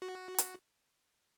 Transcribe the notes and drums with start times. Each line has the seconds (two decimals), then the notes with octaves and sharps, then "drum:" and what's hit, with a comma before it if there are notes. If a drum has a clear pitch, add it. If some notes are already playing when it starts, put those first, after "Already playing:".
0.02 F#4
0.38 drum: hi-hat